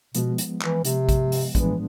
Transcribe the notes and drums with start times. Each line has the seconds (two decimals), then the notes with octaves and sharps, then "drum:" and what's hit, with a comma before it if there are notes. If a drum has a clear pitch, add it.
0.15 B2 F3 G#3 B3, drum: hi-hat
0.38 drum: hi-hat
0.62 E3, drum: clap
0.85 C3, drum: hi-hat
1.09 drum: kick, hi-hat
1.32 drum: open hi-hat
1.55 A2 E3 F3 G#3 B3 D4, drum: kick, hi-hat